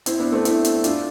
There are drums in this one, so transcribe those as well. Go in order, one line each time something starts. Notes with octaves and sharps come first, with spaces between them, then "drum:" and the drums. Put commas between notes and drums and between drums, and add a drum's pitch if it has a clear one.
C4 E4, drum: hi-hat
B3 D4
A3 C4
C4 E4, drum: hi-hat
drum: hi-hat
D4 F4, drum: hi-hat